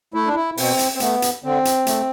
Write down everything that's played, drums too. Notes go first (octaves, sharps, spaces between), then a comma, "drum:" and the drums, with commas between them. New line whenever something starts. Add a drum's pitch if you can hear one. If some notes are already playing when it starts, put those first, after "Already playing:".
A3 E4
D4
E4
B2 C4, drum: open hi-hat
drum: hi-hat
C4
A3 B3, drum: hi-hat
drum: hi-hat
D3 C4
drum: hi-hat
A3, drum: hi-hat